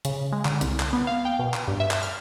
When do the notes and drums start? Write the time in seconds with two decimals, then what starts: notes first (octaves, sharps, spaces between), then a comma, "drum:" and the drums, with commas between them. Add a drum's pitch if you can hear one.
0.05 C#3, drum: hi-hat
0.32 G#3
0.45 D3, drum: clap
0.61 C2, drum: hi-hat
0.80 drum: clap
0.93 B3
1.07 F5
1.25 G5
1.39 B2
1.54 drum: clap
1.68 G2
1.80 E5
1.91 drum: clap
2.03 F6